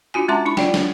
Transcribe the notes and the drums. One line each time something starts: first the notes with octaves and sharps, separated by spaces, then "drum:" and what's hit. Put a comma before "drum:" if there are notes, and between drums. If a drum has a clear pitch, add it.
D4 F4 F#4 G#5
G#3 C#4 E5 A5 C6 D6
D4 E4 B5 C#6
F4 D5 G5, drum: snare
drum: snare